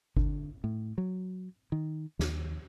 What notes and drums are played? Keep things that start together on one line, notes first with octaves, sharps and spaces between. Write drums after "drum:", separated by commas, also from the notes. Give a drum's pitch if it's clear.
D3, drum: kick G1
A2
F#3
D#3
D#2, drum: snare